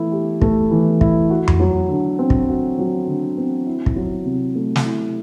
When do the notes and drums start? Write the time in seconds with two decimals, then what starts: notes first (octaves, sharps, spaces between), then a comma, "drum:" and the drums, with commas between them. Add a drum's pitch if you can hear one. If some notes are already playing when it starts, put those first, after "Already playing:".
Already playing: E3 A3 E4
0.12 G4
0.42 A3, drum: kick
0.71 E3
1.01 E4, drum: kick
1.30 F#4
1.48 drum: tom F2
1.60 F#3
1.89 D3
2.19 C4
2.30 drum: kick
2.49 F#4
2.79 F#3
3.08 D3
3.37 C4
3.67 E4
3.86 drum: kick
3.96 F#3
4.25 C3
4.55 A3
4.76 drum: snare
4.85 E4